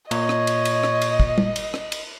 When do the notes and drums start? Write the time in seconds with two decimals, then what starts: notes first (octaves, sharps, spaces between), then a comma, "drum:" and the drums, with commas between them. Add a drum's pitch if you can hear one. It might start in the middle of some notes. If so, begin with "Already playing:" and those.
0.11 A#2 C#5 D#5, drum: cymbal
0.29 drum: rim click
0.47 drum: cymbal
0.65 drum: cymbal
0.83 drum: rim click
1.02 drum: cymbal
1.20 drum: kick
1.38 drum: tom
1.56 drum: cymbal
1.74 drum: rim click
1.92 drum: cymbal